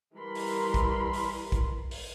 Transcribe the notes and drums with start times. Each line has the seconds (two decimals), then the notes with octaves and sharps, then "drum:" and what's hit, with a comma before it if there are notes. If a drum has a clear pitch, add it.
0.16 E3 G3 A#4 B5 C6
0.35 drum: open hi-hat
0.74 drum: kick, hi-hat
1.13 drum: open hi-hat
1.52 drum: kick, hi-hat
1.91 drum: open hi-hat